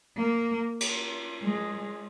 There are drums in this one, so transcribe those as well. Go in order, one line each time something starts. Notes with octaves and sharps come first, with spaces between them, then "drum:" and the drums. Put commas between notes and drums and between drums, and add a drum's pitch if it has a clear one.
A#3
drum: cymbal
G#3